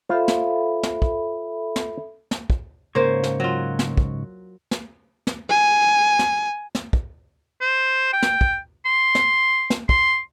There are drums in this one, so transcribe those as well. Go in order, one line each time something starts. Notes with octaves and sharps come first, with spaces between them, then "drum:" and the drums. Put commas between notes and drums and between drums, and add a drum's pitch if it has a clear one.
F4 A4 C5 E5 B5
drum: snare
drum: snare
drum: kick
drum: snare
drum: snare
drum: kick
G#2 C#3 A#3 C5 C#5
drum: snare
F#3 F4
drum: snare
drum: kick
drum: snare
drum: snare
G#5
drum: snare
drum: snare
drum: kick
C5
G5
drum: snare
drum: kick
C6
drum: snare
drum: snare
C6, drum: kick